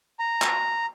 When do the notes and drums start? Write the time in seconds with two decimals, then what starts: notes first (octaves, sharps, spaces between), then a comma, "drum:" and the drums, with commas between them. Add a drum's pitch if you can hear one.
0.19 A#5
0.42 drum: clap